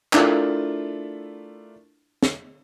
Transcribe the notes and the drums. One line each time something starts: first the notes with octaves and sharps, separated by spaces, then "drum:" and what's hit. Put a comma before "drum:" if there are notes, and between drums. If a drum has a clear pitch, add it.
A3 D4 E4 F4 A#4, drum: clap
drum: snare